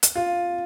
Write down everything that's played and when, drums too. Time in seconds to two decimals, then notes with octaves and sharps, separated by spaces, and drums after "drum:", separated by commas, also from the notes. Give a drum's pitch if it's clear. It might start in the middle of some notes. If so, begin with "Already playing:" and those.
0.03 drum: hi-hat
0.15 F4